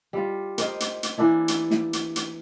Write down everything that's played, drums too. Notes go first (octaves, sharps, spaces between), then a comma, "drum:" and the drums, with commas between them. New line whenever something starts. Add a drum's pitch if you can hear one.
G3 F4
A#4 C5 D#5 G5, drum: hi-hat
drum: hi-hat
drum: hi-hat
E3 A#3 D4 E4
drum: hi-hat
drum: snare
drum: hi-hat
drum: hi-hat